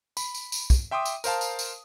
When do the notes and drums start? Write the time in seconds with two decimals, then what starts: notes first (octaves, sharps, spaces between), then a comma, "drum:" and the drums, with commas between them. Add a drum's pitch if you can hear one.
0.17 B5, drum: tambourine
0.34 drum: tambourine
0.52 drum: tambourine
0.70 drum: kick, tambourine
0.91 E5 G5 C6 D6 D#6
1.06 drum: tambourine
1.24 A#4 C5 F5 A5, drum: tambourine
1.41 drum: tambourine
1.59 drum: tambourine